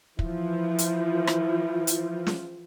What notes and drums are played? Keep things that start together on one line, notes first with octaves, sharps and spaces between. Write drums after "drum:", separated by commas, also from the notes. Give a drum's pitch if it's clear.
E3 F3 E4, drum: kick
drum: hi-hat
drum: rim click
drum: hi-hat
drum: snare